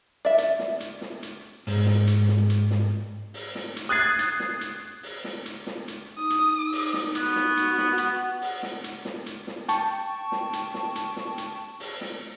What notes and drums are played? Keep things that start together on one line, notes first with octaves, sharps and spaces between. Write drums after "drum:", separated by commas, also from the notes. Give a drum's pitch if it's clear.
D5 E5
drum: hi-hat
drum: snare
drum: hi-hat
drum: snare
drum: hi-hat
G#2, drum: open hi-hat
drum: snare
drum: hi-hat
drum: snare
drum: hi-hat
drum: snare
drum: open hi-hat
drum: snare
drum: hi-hat
D#6 F#6 G#6 A6 C7
drum: hi-hat
drum: snare
drum: hi-hat
drum: open hi-hat
drum: snare
drum: hi-hat
drum: snare
drum: hi-hat
D#4 D#6
drum: hi-hat
drum: open hi-hat
drum: snare
B3 F#4, drum: hi-hat
drum: snare
drum: hi-hat
drum: snare
F#5, drum: hi-hat
drum: open hi-hat
drum: snare
drum: hi-hat
drum: snare
drum: hi-hat
drum: snare
G5 A5 C#6, drum: hi-hat
drum: snare
drum: hi-hat
drum: snare
drum: hi-hat
drum: snare
drum: hi-hat
drum: open hi-hat
drum: snare